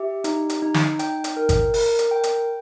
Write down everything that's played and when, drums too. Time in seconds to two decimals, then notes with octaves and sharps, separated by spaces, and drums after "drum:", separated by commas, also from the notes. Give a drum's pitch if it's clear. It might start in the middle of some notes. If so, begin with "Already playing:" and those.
Already playing: G4 E5
0.24 D#4, drum: hi-hat
0.50 drum: hi-hat
0.62 D#4
0.74 drum: snare
0.99 G5, drum: hi-hat
1.24 drum: hi-hat
1.37 A#4
1.49 drum: kick G#1, hi-hat
1.74 A#4, drum: open hi-hat
1.99 drum: hi-hat
2.11 G5
2.23 drum: hi-hat